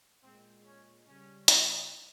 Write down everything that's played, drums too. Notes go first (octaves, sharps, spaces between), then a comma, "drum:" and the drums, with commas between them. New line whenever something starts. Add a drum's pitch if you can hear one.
A#2 G#3 C4
C#4
C#3 G3 C#4
drum: hi-hat